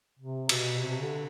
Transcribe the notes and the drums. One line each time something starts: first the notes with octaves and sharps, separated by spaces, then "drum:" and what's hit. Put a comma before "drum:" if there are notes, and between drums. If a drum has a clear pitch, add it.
C3
B2, drum: cymbal
C3
D3